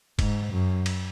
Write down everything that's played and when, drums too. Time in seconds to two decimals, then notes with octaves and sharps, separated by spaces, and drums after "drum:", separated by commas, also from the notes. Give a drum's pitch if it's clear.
0.19 G#2, drum: kick F1, cymbal
0.52 F#2
0.86 drum: cymbal